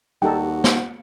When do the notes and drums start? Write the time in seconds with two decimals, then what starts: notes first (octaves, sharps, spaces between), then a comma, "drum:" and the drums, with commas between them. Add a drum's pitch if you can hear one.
0.22 D#2 G3 D#4 F#4 A4 G5
0.64 drum: snare